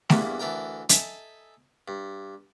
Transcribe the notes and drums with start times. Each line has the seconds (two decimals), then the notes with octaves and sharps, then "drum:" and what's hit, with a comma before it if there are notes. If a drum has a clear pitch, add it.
0.10 E2 G2 E3 A#3, drum: snare A3
0.40 D2 E3 A4 A#4 G5 A#5
0.89 D#4 A4 E5 G#5, drum: hi-hat
1.88 G2